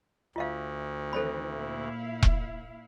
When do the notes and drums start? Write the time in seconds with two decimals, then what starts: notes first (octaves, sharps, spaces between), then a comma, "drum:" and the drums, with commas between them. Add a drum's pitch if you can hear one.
0.36 D2 F4 E5 F5
1.13 D#3 E3 C4 A4 C5 B5
1.50 A#2 E4 F5
2.23 drum: kick E1